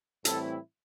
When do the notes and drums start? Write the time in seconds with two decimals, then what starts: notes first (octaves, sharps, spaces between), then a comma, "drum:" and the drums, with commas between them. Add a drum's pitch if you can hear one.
0.25 A2 E3 G3 C4 E4 A4, drum: hi-hat